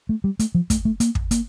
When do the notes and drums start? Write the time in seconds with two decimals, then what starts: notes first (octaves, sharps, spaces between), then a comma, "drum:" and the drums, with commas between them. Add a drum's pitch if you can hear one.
0.09 A3
0.24 G3
0.39 A3, drum: hi-hat
0.55 F3
0.70 A3, drum: kick, hi-hat
0.85 A3
1.00 A#3, drum: hi-hat
1.15 drum: kick
1.31 A#3, drum: hi-hat